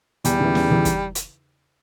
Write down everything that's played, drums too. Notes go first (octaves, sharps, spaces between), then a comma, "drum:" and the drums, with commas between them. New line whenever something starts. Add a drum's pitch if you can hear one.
E2 G3, drum: hi-hat
C#3 E3
E2, drum: snare
C#3 E3
drum: kick, hi-hat
drum: hi-hat